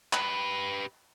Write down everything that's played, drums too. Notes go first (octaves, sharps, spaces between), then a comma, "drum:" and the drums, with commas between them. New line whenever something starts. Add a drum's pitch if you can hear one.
G4 B4, drum: clap